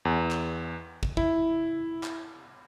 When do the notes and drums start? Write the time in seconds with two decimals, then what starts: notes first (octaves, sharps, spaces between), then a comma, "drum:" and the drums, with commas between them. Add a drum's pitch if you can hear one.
0.05 E2
0.31 drum: clap
1.03 drum: kick
1.17 E4, drum: kick
2.03 drum: clap